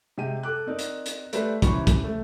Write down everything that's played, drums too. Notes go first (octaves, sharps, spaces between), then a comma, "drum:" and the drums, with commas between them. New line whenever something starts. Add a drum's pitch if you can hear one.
C3 G#3 G5 D#7
A4 D6 F#6
C4 D#4 A#4 D5
drum: hi-hat
drum: hi-hat
A3 G4 B4 C5 D5, drum: hi-hat
C3 E3 C#4 C5 B5 C#6, drum: kick, hi-hat
drum: kick, hi-hat
A3